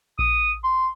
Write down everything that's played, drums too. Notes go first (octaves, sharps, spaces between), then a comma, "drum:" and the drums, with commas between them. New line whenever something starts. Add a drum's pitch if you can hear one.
D#6, drum: kick A#1
C6